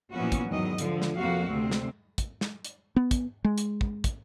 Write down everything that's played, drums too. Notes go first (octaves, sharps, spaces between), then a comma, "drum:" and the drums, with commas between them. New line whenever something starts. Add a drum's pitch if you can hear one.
A#2 E3 F3 B3 C#4 F#4
drum: kick, hi-hat
E2 G#2 D#3 F#3 D#5
D3 F3, drum: hi-hat
drum: snare
F2 C3 A#3 F#4 F5
D2 C3 C4
drum: snare
drum: kick, hi-hat
drum: snare
drum: hi-hat
B3
drum: kick, hi-hat
G#3
drum: hi-hat
drum: kick
drum: kick, hi-hat